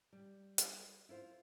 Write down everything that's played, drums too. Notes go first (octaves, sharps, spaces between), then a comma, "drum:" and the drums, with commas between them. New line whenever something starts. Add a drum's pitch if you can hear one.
G3
drum: hi-hat
E4 F4 C5